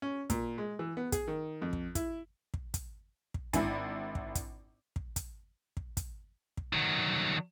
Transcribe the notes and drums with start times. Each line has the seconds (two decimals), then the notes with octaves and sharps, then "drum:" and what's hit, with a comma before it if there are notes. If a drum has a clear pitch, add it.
0.02 C#4
0.30 A#2, drum: kick, hi-hat
0.58 G#3
0.79 E3
0.97 B3
1.12 G#4, drum: kick, hi-hat
1.28 D#3
1.62 F2
1.73 drum: kick
1.95 E4, drum: kick, hi-hat
2.54 drum: kick
2.74 drum: kick, hi-hat
3.34 drum: kick
3.53 G#1 D4 E4 B5, drum: kick, hi-hat
4.15 drum: kick
4.35 drum: kick, hi-hat
4.96 drum: kick
5.16 drum: kick, hi-hat
5.77 drum: kick
5.97 drum: kick, hi-hat
6.57 drum: kick
6.73 D#3 F#3